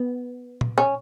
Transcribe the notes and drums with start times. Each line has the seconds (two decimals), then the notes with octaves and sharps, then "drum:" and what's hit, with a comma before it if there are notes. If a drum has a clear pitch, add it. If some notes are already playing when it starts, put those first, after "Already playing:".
Already playing: B3
0.61 drum: tom A#2
0.78 C#4